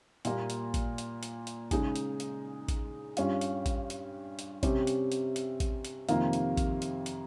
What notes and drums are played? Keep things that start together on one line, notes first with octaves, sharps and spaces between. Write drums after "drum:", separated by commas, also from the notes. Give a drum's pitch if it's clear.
A#2 G3 A#3, drum: hi-hat
drum: hi-hat
drum: kick A1, hi-hat
drum: hi-hat
drum: hi-hat
drum: hi-hat
C#3 G#3 D#4 G#4, drum: kick A1, hi-hat
drum: hi-hat
drum: hi-hat
drum: kick A1, hi-hat
G2 G3 C#4 F4, drum: hi-hat
drum: hi-hat
drum: kick A1, hi-hat
drum: hi-hat
drum: hi-hat
C3 G3 C#4 G4, drum: kick A1, hi-hat
drum: hi-hat
drum: hi-hat
drum: hi-hat
drum: kick A1, hi-hat
drum: hi-hat
F2 C3 D#3 A#3 F4, drum: hi-hat
drum: hi-hat
drum: kick A1, hi-hat
drum: hi-hat
drum: hi-hat